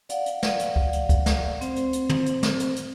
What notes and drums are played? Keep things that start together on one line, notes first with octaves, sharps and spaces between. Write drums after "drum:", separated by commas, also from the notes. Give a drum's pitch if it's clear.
D5 F5 F#5, drum: hi-hat
drum: hi-hat
drum: snare
drum: hi-hat
drum: kick C#2
drum: hi-hat
drum: kick C#2, hi-hat
drum: snare
C4 C5, drum: hi-hat
drum: hi-hat
drum: hi-hat
drum: tom
drum: hi-hat
drum: snare
drum: hi-hat
drum: hi-hat